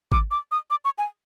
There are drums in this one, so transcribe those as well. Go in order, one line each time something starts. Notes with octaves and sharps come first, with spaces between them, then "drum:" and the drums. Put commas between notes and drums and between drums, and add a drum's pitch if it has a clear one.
D6, drum: kick
D6
D#6
D6
C#6
G#5